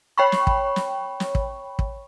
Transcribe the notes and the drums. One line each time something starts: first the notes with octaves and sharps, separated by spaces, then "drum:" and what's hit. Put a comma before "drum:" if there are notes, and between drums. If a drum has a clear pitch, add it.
C#5 G5 B5 C#6
drum: snare
drum: kick
drum: snare
drum: snare
drum: kick
drum: kick